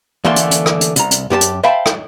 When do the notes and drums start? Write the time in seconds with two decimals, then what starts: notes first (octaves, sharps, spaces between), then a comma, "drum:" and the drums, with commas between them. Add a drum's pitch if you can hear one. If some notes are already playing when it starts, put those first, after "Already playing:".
0.25 D3 E3 A3 A#3 C6
0.36 drum: hi-hat
0.51 drum: hi-hat
0.66 drum: rim click
0.81 drum: hi-hat
0.96 C2 A#5, drum: hi-hat
1.11 drum: hi-hat
1.30 F#2 G4 C5 A5
1.41 drum: hi-hat
1.64 C5 E5 F5 G5 A5 B5
1.86 drum: rim click